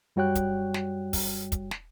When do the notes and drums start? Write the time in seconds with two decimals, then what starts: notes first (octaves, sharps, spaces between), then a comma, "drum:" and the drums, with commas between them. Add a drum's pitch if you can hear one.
0.16 F#2 G3 F#4 C#5 G5 F#6
0.35 drum: kick, hi-hat
0.74 drum: snare
1.13 drum: kick, open hi-hat
1.52 drum: kick, hi-hat
1.71 drum: snare